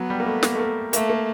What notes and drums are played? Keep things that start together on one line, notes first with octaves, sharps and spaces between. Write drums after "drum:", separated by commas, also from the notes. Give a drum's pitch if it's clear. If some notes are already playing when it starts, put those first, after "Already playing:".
Already playing: F#3 B3
G3
A#3
A3
A#3, drum: snare
A3
A#3
A3 A#3, drum: hi-hat
A#3